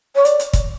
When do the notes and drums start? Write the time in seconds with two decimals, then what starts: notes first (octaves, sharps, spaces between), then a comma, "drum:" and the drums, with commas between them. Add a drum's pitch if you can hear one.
0.16 C#5
0.25 D5, drum: hi-hat
0.39 drum: hi-hat
0.53 drum: kick, hi-hat